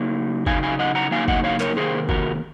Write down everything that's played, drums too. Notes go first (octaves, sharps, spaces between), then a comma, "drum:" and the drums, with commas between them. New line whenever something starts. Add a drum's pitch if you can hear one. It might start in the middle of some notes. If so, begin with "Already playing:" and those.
Already playing: C#3 F#3 A#3 D#4
C#3 F#3 A#3 D#4 F5 G#5, drum: kick
F5 G#5
D#5 F#5
F#5 A#5
C#3 F#3 A#3 D#4 F5 G#5
D#5 F#5, drum: kick
C#5 F5
A#4 C#5, drum: clap
C3 D#3 A#3 G#4 C5
F#4 A#4, drum: kick